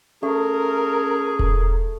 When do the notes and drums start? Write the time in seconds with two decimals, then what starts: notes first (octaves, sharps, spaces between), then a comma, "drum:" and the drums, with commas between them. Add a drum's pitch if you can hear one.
0.23 A3 C#4 G#4 A#4
1.39 drum: kick E1